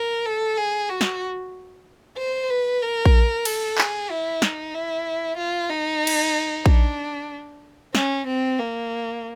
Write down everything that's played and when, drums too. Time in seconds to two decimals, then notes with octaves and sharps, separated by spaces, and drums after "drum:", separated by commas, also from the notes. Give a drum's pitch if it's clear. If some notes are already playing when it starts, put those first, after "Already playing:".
Already playing: A#4
0.25 A4
0.57 G#4
0.90 F#4
1.01 drum: snare
2.18 C5
2.50 B4
2.82 A#4
3.06 drum: kick A#1
3.45 A4, drum: cymbal
3.78 G#4, drum: clap
4.10 E4
4.42 D#4, drum: snare
4.74 E4
5.37 F4
5.70 D#4
6.07 drum: cymbal
6.66 D4, drum: kick A#1
7.95 C#4, drum: snare
8.27 C4
8.59 A#3